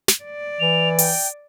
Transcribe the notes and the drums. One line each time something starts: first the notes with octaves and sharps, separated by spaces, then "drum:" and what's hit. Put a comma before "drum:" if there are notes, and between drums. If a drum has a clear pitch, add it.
drum: snare
D5
E3 F7
G5, drum: open hi-hat